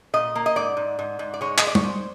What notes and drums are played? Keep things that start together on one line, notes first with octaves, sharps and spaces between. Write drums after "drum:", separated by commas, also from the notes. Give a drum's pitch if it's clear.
A#2 D#5
A#3
D#5
G#2 D5
G#2
G#2
G#2
D5
G#3 C#5
D#5, drum: clap
G#3
D5
C#5, drum: tom G3
G#3 C5